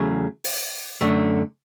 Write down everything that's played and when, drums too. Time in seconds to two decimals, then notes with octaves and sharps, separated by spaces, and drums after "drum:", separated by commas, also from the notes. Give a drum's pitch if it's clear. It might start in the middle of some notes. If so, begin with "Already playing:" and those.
Already playing: E2 C#3 F#3 A3
0.44 drum: open hi-hat
1.01 F#2 D3 A3